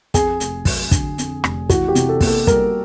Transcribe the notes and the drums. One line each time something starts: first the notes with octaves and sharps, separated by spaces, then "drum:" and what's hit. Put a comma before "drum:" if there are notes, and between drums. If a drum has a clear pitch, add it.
F2 G#4, drum: kick, hi-hat
F1, drum: hi-hat
F#3, drum: kick, open hi-hat
D3, drum: kick, hi-hat
F2, drum: hi-hat
F1, drum: rim click
E3 F#4, drum: kick, hi-hat
G4
C3, drum: hi-hat
A4
A#3, drum: kick, open hi-hat
A4
G3 A#4, drum: kick, hi-hat